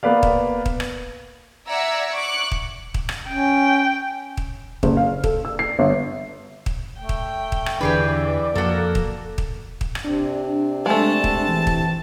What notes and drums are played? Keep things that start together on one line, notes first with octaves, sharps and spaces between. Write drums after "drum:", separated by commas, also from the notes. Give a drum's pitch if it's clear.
A#3 B3 B4 D5 F5
drum: kick
drum: kick
drum: rim click
D5 E5 F#5 A#5 E6 G#6
C#6 D6 F#6
drum: kick
drum: kick
drum: rim click
C#4 G5
drum: kick
F#1, drum: kick
F5
A4, drum: kick
E6
C7
G1
drum: kick
A3 G5
drum: kick
drum: kick
drum: rim click
E2 D3 E3 D4 G4 G#4 B4 D5
F2 F3 A#3 F#4 A4
drum: kick
drum: kick
drum: kick
drum: rim click
C3 C4 D4
G#3 A3 A5
drum: kick
E3
drum: kick